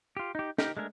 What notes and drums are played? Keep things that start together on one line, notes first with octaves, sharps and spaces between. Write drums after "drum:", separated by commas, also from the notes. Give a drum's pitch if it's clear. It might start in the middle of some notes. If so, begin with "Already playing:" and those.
F4 G4
D#4 G4
D#4 G4 A#4, drum: snare
G#3 A3 D4 A#4 G#5